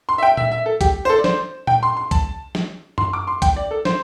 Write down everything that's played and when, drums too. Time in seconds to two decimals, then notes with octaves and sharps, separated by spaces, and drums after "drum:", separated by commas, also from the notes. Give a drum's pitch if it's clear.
0.09 C6
0.18 E5
0.23 G5
0.37 E5, drum: tom A#2
0.51 E5
0.66 A4
0.81 G4, drum: kick, hi-hat
1.05 C5
1.09 A4
1.19 D5
1.24 C5, drum: snare
1.67 G5, drum: tom A#2
1.83 C6
1.97 C6
2.11 A5, drum: kick, hi-hat
2.55 drum: snare
2.98 C6, drum: tom F#2
3.13 D6
3.27 C6
3.42 G5, drum: kick, hi-hat
3.56 D5
3.71 A4
3.85 C5, drum: snare